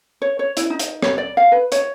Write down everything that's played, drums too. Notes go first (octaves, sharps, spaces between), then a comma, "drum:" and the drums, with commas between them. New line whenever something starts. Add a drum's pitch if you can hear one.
C#5
C#5
E4, drum: hi-hat
D#4
drum: hi-hat
C#5, drum: rim click
D5
F5
B4
C#5, drum: hi-hat